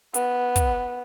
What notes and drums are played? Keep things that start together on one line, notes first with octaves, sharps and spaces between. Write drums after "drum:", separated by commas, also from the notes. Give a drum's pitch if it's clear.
B3, drum: hi-hat
drum: kick, hi-hat